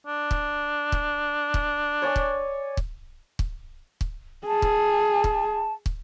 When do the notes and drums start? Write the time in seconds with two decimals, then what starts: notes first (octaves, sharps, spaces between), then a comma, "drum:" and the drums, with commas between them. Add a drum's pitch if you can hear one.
0.07 D4
0.31 drum: kick
0.92 drum: kick
1.54 drum: kick
2.02 C#5 D5 G#5
2.16 drum: kick
2.77 drum: kick
3.39 drum: kick
4.01 drum: kick
4.47 G#4 A5
4.62 drum: kick
5.24 drum: kick
5.86 drum: kick